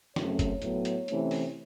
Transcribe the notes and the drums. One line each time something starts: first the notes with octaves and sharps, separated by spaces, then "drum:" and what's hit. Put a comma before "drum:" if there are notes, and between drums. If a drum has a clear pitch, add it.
F#2 C#3 F#3 A3 C4 C#5, drum: snare
drum: kick F#1, hi-hat
A2 F#3 B3, drum: hi-hat
drum: hi-hat
C3 E3 A3 C#4, drum: hi-hat
drum: open hi-hat